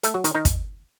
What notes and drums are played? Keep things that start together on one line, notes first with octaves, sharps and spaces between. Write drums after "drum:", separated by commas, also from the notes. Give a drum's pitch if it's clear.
A3 A4, drum: hi-hat
F#3 F#4
D#3 D#4, drum: hi-hat
D#3 D#4
drum: kick, hi-hat